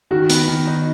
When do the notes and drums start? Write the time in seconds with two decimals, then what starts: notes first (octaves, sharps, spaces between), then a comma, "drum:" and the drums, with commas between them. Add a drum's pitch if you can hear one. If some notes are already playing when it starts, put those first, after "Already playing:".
0.11 D#3 F#4
0.29 B3, drum: hi-hat
0.48 D#3
0.67 D#4